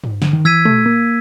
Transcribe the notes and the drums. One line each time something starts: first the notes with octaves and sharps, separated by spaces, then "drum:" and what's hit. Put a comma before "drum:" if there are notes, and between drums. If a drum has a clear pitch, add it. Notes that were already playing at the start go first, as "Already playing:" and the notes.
drum: tom G2
D3, drum: snare
D#3
E3 E6 G#6 B6 D#7
A3, drum: tom A#2
A#3